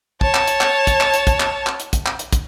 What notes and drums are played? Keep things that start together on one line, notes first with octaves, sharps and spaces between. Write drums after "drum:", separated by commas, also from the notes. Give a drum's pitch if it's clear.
C#5 A5, drum: kick
drum: clap
drum: hi-hat
drum: clap
drum: kick, hi-hat
drum: clap
drum: hi-hat
drum: kick, hi-hat
drum: clap
drum: clap
drum: hi-hat
drum: kick, hi-hat
drum: clap
drum: hi-hat
drum: kick, hi-hat